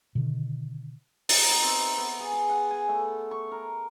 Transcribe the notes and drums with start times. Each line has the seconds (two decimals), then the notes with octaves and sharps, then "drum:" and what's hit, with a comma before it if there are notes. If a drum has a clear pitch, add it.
0.15 B2 D3 D#3
1.29 D#4, drum: open hi-hat
1.48 B3
1.62 C4
1.81 E5
1.98 B3
2.19 G#4
2.33 G#4
2.50 F#5
2.71 G#5
2.88 A3
3.31 C#6
3.51 A#4